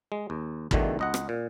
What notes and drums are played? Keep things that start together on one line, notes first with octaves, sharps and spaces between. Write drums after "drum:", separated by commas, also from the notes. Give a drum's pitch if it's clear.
G#3
D#2
B1 E2 B2 D3 D#3 A3, drum: kick
C#2 D#5 F#5
drum: rim click
A#2